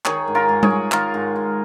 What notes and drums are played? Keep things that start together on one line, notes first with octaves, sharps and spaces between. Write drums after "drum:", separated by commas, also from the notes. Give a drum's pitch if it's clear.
D#3 G#4 C#5, drum: clap
G#2
F4 A#4
G#2
G#4 C#5, drum: tom G3
G#2
D#3 F4 A#4, drum: clap
G#2
G#2